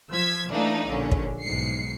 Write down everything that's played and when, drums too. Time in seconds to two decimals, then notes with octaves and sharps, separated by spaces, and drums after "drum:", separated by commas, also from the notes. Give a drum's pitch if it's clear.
0.10 F3 E6 G#6 B6
0.51 E3 A3 A#3 D4 D#4
0.88 A#1 D3 C#4
1.12 drum: kick
1.41 B1 G#2 C7 C#7